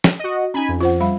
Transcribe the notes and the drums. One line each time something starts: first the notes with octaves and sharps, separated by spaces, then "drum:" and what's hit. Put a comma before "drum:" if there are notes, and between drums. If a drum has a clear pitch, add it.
drum: snare
F#4 D#5
C#4 D#4 G#5 B5
F2
F4 C5 F#5
G3 F5 B5